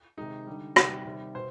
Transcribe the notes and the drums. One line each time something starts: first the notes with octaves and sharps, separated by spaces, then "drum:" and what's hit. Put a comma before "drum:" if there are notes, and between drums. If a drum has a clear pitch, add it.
C3 D#3 G#3 D#4
D3 G3
C3 D#3 G3, drum: rim click
C3 D#3 G3
B2 C5